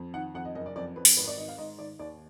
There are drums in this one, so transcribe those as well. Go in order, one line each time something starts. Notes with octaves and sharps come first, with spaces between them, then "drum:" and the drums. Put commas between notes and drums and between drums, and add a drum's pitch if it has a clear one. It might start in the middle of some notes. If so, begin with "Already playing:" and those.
Already playing: F2
D#3 F#5
F2 F#5
D#5
F#1 D#5
D5
F2 D5
F2 B4
drum: open hi-hat
G#1 B4
D5
D#3 D#5
F5
G#2 D#5
D#3 D5
D#2 D5